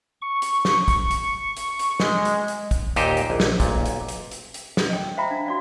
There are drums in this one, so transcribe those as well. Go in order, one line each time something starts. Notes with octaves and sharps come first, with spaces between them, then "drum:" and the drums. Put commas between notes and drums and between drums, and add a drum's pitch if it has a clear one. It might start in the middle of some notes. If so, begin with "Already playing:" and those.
C#6
drum: hi-hat
drum: snare
drum: kick, hi-hat
drum: hi-hat
drum: hi-hat
drum: hi-hat
G#3, drum: snare
drum: hi-hat
drum: hi-hat
drum: kick, hi-hat
D#2 A#2 D#4 G4 C5 D#5, drum: hi-hat
drum: hi-hat
A#1
drum: snare
B1 A#2, drum: kick, hi-hat
drum: hi-hat
drum: hi-hat
drum: hi-hat
drum: hi-hat
drum: snare
D#5 G5
E6
C5 E5 F5 G5 A#5 B5
D4
F#4 D5 F5